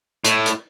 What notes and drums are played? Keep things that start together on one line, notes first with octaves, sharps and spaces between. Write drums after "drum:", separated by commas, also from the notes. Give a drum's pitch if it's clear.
A2, drum: hi-hat
drum: hi-hat